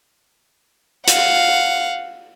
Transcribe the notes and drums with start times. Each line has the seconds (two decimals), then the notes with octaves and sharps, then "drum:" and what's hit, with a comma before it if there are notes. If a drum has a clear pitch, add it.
1.07 F5 F#5, drum: hi-hat